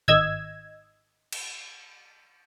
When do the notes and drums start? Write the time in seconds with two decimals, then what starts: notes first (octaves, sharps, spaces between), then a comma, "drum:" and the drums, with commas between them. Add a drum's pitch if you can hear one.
0.08 G#1 D#3 D#5 E6 G#6, drum: tom G2
1.33 drum: cymbal